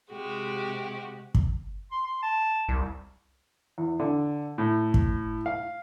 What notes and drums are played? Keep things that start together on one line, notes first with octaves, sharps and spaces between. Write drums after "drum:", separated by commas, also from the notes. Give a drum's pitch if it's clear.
C3 G#3 F#4 G4
drum: kick
C6
C6
A5
C2
E2
D3
A2
drum: kick
F5